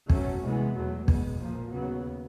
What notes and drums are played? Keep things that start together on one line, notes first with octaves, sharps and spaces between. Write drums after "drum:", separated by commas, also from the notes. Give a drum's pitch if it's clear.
B2 F#3 A3 C#4, drum: kick
C3 E3 G#3 B3
E2 B2 F#3 A3
B2 G#3 B3, drum: kick
A#2 F3 A#3
D#2 C#3 F#3 B3